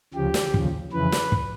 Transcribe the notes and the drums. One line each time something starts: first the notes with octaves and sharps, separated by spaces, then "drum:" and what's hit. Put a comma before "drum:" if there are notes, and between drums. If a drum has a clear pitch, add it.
D2 C#3 F3 G4
drum: snare
D#2 C#3 F3, drum: kick
F2 C#3 E3 B4
drum: snare
drum: kick